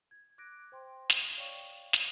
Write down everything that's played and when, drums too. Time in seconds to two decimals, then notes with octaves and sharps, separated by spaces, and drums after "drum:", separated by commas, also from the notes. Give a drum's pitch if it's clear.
0.11 G#6
0.38 D6 F#6 G#6 A#6 D7
0.72 C5 G5 C6
1.10 drum: snare
1.37 C#5 D5 F5 G5 C#6
1.93 drum: snare